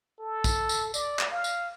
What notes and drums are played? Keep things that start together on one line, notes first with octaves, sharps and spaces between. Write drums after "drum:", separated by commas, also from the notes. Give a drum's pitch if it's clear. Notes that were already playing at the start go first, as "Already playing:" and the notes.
A4
drum: kick, tambourine
drum: tambourine
D5, drum: tambourine
drum: clap
F5
drum: tambourine